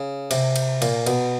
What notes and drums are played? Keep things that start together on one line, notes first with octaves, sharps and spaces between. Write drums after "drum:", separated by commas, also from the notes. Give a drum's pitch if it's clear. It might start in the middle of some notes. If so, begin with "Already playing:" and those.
Already playing: C#3
C3, drum: cymbal
drum: cymbal
A#2, drum: cymbal
B2, drum: cymbal